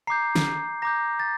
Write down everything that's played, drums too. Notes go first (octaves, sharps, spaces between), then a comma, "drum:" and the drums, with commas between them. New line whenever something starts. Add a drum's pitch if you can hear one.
A#5 D6 G6 C7
drum: snare
A#5 D6 G6 A#6
A6